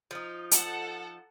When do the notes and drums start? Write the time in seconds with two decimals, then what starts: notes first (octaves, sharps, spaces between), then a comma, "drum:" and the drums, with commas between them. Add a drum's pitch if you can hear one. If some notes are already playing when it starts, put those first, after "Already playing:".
0.11 F3 D#4
0.51 A4 F#5, drum: hi-hat